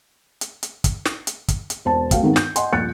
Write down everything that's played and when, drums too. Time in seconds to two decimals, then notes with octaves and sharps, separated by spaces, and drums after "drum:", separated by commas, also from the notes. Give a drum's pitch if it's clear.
0.41 drum: hi-hat
0.63 drum: hi-hat
0.84 drum: kick, hi-hat
1.06 drum: snare
1.27 drum: hi-hat
1.48 drum: kick, hi-hat
1.70 drum: hi-hat
1.85 E1 C5 A5
2.11 D2 F#4 F5 G5, drum: kick, hi-hat
2.23 G#2 D#3 G#3 B3
2.36 G6, drum: snare
2.56 D#5 F#5 G#5 C6, drum: hi-hat
2.73 D#1 A#1 F4 F#6 A6 C#7